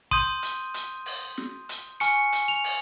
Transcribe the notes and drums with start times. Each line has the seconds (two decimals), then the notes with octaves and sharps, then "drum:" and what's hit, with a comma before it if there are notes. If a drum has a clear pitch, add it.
0.11 C6 D#6 G6 D#7, drum: kick
0.42 drum: hi-hat
0.74 drum: hi-hat
1.06 drum: open hi-hat
1.37 drum: snare
1.69 drum: hi-hat
2.00 G#5 C#6 F6 C#7, drum: hi-hat
2.32 drum: hi-hat
2.48 F7
2.64 drum: open hi-hat